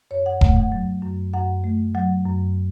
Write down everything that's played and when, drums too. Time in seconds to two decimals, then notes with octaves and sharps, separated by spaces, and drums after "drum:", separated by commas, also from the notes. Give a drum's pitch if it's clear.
0.11 F#2 C#5
0.26 F#5
0.41 A3 F#5, drum: kick E1
0.56 F#5
0.72 F#3
1.03 F#2
1.33 F#2 F#5
1.64 A3
1.95 F#3 F#5
2.26 F#2